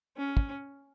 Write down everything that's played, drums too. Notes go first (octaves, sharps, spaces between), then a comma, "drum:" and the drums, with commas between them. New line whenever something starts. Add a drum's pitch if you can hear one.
C#4
drum: kick